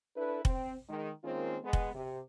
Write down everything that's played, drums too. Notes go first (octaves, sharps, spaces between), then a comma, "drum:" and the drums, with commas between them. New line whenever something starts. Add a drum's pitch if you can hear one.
D4 E4 A4 B4
C4, drum: kick F1
D#3 G#3
D#3 G#3 A#3 C4 C#4 F4
G#3 B3
drum: kick F1
C3